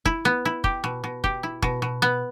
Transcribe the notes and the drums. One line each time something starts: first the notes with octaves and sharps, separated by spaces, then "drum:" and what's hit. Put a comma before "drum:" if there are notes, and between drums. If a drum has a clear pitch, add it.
E4, drum: kick
B3
E4
G4, drum: kick
B2
B2
G4, drum: kick
E4
B2, drum: kick
B2
B3